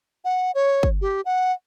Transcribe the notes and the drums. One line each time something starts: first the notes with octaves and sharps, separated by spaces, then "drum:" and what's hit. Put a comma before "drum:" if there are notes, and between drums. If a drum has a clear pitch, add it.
F#5
C#5
drum: kick G1
G4
F#5